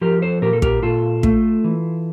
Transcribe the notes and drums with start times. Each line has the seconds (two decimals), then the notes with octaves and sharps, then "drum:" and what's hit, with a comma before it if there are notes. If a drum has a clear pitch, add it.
0.01 F3 G4 A#4
0.22 A4 C5
0.42 A#2 G4 A#4
0.53 A4
0.62 G4 A#4, drum: kick
0.83 A#2 F4 A4
1.23 A3, drum: kick
1.64 E3